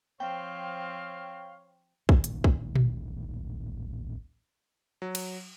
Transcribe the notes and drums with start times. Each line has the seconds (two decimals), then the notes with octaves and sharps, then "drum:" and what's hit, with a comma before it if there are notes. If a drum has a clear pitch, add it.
0.20 F3 C4 C#5 F5 G5
2.09 D1 A1 A#2 D#3, drum: kick
2.24 drum: hi-hat
2.44 drum: kick
2.75 drum: tom A#2
5.02 F#3
5.15 drum: cymbal